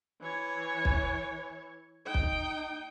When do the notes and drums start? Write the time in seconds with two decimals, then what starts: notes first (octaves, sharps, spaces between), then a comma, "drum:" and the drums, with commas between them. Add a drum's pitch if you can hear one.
0.20 E3 C#5
0.85 drum: kick
2.05 D#4 G5
2.14 drum: kick